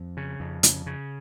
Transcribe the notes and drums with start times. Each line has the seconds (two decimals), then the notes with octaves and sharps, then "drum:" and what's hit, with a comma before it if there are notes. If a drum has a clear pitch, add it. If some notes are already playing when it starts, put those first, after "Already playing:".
Already playing: F2
0.17 C#3
0.40 F2
0.63 C#3, drum: hi-hat
0.86 C#3